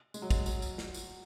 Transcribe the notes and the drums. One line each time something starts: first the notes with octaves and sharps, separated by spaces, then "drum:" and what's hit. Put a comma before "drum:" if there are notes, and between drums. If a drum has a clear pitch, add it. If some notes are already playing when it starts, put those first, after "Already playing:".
G#3, drum: tambourine
F#3
G#3, drum: kick, tambourine
F#3, drum: tambourine
drum: tambourine
drum: snare
drum: tambourine